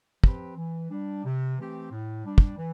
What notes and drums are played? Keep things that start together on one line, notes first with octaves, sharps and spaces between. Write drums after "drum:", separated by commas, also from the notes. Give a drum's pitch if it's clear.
F3 C4 G4 B4, drum: kick
E3
G3 D4
C3
E3 A3 C4 G4
A2
G3 D4
drum: kick
E3